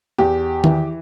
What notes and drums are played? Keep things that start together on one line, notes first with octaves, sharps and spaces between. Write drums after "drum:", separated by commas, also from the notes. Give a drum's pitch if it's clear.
E2 G4
E3, drum: tom D#3